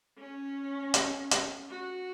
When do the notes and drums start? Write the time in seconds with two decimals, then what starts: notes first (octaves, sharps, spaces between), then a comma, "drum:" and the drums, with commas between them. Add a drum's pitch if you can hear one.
0.18 C#4
0.94 drum: hi-hat
1.31 drum: hi-hat
1.69 F#4